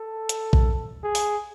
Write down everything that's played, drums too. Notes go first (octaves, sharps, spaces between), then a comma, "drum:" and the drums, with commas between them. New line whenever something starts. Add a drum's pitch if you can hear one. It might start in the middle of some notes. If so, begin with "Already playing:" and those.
Already playing: A4
drum: hi-hat
drum: kick A#1
G#4
drum: open hi-hat